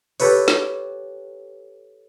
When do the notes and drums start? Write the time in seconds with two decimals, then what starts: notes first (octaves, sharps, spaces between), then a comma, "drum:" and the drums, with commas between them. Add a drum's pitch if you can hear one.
0.20 G4 A4 B4 C#5, drum: open hi-hat
0.48 drum: snare